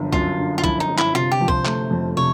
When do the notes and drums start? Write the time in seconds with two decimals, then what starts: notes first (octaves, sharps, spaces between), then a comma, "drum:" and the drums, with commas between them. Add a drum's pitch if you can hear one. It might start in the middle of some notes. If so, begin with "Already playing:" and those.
Already playing: G1 F#2 D3 F3
0.12 F#2 F4, drum: kick C2
0.39 D3
0.58 F4
0.64 F3 E4, drum: kick C2
0.80 D#4
0.89 G1
0.98 E4, drum: clap
1.15 C3 F4
1.32 G4
1.41 F3
1.48 C5, drum: kick C2
1.65 A3, drum: clap
1.91 F2
2.17 C3 C#5